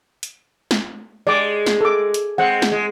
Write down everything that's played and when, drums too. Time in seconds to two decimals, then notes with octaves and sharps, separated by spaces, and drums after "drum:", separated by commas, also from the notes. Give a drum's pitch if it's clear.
0.23 drum: hi-hat
0.71 drum: snare
1.27 G#3 D5 D6
1.67 drum: snare
1.81 A4 D6
2.14 drum: hi-hat
2.38 G#3 C4 F#5
2.62 drum: snare
2.72 G#3